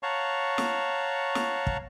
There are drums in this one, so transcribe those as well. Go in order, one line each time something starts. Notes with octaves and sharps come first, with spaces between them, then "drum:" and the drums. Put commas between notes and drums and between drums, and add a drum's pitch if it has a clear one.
C#5 F5 F#5 A5 A#5 C#6
drum: snare
drum: snare
drum: kick